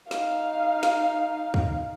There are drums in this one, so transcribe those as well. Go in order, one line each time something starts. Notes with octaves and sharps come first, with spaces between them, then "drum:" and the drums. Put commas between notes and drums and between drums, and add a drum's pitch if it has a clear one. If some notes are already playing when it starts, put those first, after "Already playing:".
D#4 F5, drum: snare
drum: snare
drum: kick